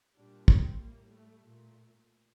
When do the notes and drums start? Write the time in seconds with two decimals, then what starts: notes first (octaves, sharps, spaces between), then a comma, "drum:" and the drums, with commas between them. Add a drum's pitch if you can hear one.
0.16 A#2 G3 D4
0.48 C4, drum: kick
0.80 A2 G3 A#3
1.12 A3
1.43 A#2 A3